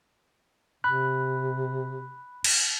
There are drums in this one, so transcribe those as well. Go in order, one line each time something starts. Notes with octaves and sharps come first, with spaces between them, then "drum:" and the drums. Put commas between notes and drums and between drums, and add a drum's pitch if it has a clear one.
C3 B5 F#6
drum: cymbal